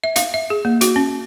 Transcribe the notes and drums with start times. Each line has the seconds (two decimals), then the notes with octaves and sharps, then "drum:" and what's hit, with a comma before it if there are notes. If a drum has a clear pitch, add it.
0.04 E5
0.16 F5, drum: hi-hat
0.34 E5
0.50 G#4
0.65 A#3
0.81 F#4, drum: hi-hat
0.96 C#4